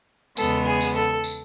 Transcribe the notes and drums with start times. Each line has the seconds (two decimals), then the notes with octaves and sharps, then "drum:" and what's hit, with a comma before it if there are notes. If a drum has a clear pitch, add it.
0.37 E2 C#3 G#3 B3 A4, drum: tambourine
0.66 G#4
0.81 drum: tambourine
0.95 A4
1.24 drum: tambourine